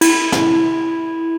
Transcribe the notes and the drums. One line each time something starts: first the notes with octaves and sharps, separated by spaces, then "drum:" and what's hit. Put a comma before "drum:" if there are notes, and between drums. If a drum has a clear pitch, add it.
E4, drum: cymbal
drum: snare